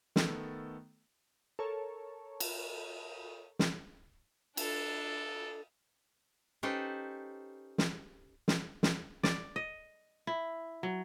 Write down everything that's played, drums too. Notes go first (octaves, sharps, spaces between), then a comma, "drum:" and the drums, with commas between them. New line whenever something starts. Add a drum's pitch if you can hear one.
D#3 A3 B3 A4, drum: snare
A4 A#4 C#5
drum: cymbal
drum: snare
D4 A4, drum: cymbal
C#4 D#4 G4 A4 B4 C5
drum: snare
drum: snare
drum: snare
D5, drum: snare
D#5
E4
F#3